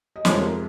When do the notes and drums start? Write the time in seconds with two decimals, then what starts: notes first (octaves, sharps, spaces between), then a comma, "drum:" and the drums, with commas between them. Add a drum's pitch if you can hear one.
0.16 D#5
0.25 F2 C3 F3 G#3 C#5, drum: snare
0.40 A#4